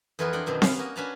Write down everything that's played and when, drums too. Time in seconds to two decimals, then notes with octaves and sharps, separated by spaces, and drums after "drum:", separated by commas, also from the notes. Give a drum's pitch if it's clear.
0.19 F2 E3 B3 F4 F#4 A#4
0.33 D4 F#5 G5
0.46 F#2 B2 D#3 C4
0.62 B3 C#4 F5, drum: snare C4
0.78 A#3 F#4 D#5
0.96 C#4 D4 F#4 B4 A5 A#5